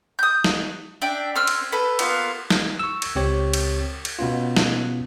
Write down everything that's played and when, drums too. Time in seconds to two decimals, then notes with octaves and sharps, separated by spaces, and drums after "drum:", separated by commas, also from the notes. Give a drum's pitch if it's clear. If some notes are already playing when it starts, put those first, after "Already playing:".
0.19 D#6 G6
0.44 drum: snare
1.02 D4 E5 G5
1.36 C4 E6 F6
1.47 drum: cymbal
1.72 A4 B4
1.99 A#3 B3 F4 F5, drum: cymbal
2.50 drum: snare
2.79 C#6 E6
3.02 drum: cymbal
3.15 C#2 C4 G4 C#5
3.53 drum: cymbal
4.05 drum: cymbal
4.19 B2 B3 C#4 F4
4.57 drum: snare